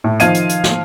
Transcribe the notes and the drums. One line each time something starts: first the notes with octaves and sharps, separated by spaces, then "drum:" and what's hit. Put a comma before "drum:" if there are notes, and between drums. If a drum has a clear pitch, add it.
A2
D#3 F3 F5 G#6 C7 D#7, drum: hi-hat
drum: hi-hat
drum: hi-hat
drum: snare